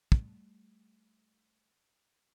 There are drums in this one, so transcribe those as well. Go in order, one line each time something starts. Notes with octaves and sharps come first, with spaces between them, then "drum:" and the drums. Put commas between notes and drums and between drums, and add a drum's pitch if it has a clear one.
G3 A3, drum: kick